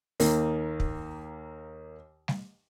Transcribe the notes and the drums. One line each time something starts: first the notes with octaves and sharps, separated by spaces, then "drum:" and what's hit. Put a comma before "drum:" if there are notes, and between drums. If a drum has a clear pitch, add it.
D#2 A#3, drum: open hi-hat
drum: kick
drum: snare G3